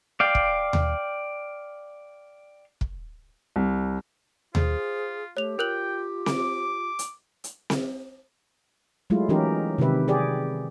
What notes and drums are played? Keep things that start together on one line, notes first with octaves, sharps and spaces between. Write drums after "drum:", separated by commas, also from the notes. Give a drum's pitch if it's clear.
D5 F5 G5
drum: kick
drum: tom D#2
drum: kick
C2
F4 G#4 C5, drum: tom D#2
A3 G4 C#5 F7
F4 A#4 G5 F#6 F#7
D6, drum: snare C4
drum: hi-hat
drum: hi-hat
drum: snare C4
F#3 G#3 A3 E4 F4
E3 F#3 C#4 D#4 G4 A#4
C3 D#3 G4 B4 E5
G4 G#4 D5